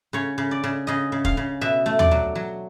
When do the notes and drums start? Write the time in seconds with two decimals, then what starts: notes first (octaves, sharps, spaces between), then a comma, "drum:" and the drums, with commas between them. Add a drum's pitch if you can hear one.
0.13 C#3 C#5
0.38 C#3
0.51 D5
0.64 C#3
0.87 C#3 D#5
1.12 C#3
1.25 F5, drum: kick F1
1.37 C#3
1.61 B2 E5
1.86 A3
1.99 D5, drum: tom D#2
2.11 F#3
2.35 F#3